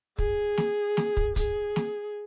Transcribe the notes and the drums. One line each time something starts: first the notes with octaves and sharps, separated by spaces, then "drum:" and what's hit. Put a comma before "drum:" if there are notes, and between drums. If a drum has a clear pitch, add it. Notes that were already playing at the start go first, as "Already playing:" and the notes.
G#4, drum: kick
drum: snare
drum: snare
drum: kick
G#4, drum: kick, hi-hat
drum: snare